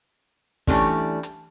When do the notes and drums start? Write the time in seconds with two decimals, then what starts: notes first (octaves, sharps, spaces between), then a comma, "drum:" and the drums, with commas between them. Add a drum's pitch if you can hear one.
0.67 E3 G3 A3 C#4 D4, drum: kick
1.23 drum: hi-hat